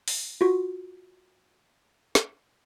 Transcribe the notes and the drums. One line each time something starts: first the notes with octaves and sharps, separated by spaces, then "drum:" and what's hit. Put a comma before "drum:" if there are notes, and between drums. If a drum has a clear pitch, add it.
drum: open hi-hat
F4 F#4
drum: snare